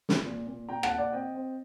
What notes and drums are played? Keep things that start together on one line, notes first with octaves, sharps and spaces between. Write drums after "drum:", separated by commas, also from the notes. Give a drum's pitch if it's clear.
drum: snare
A#2
A#2
A#2 G5 A#5
F#5 A5, drum: rim click
A#2
D5 F#5
C4 D#5 G5
C4